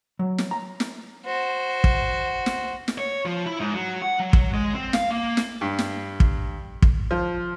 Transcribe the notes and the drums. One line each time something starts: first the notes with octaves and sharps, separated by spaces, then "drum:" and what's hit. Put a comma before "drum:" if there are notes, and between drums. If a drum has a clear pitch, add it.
F#3
drum: snare
A#5
drum: snare
F#4 C5
drum: kick
drum: snare
drum: snare
C#5
F3
E4
G#2
F#3
F#5
F#3
drum: kick
G#3
C4
F5, drum: snare
A#3
drum: snare
G2
drum: snare
drum: kick
drum: kick
F3